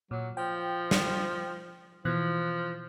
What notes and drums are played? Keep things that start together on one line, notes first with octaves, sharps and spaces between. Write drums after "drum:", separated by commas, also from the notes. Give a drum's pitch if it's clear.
A#2 F#3
F3 G5
drum: snare
B2 E3 F3 F#6